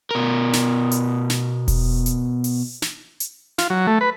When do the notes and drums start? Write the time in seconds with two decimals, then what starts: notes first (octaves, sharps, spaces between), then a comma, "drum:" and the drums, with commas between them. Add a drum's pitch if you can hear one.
0.11 B2 A#4
0.53 drum: snare
0.91 drum: hi-hat
1.30 drum: snare
1.68 drum: kick E1, open hi-hat
2.06 drum: hi-hat
2.44 drum: open hi-hat
2.82 drum: snare
3.20 drum: hi-hat
3.58 F4, drum: snare
3.70 F#3
3.87 A3
4.01 B4